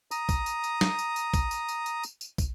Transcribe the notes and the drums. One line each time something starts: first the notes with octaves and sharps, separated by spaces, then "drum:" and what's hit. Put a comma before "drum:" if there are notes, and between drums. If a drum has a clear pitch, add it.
A#5 D#6, drum: tambourine
drum: kick, tambourine
drum: tambourine
drum: tambourine
drum: snare
drum: tambourine
drum: tambourine
drum: kick, tambourine
drum: tambourine
drum: tambourine
drum: tambourine
drum: tambourine
drum: tambourine
drum: kick, tambourine